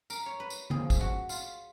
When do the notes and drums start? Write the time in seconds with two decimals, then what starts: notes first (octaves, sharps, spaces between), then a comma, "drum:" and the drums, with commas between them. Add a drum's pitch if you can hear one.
0.10 A#4, drum: tambourine
0.26 C#5
0.40 B4
0.50 drum: tambourine
0.70 F3 G#3 C#4 G#4, drum: tom D3
0.90 drum: kick, tambourine
1.01 F#4
1.29 F4, drum: tambourine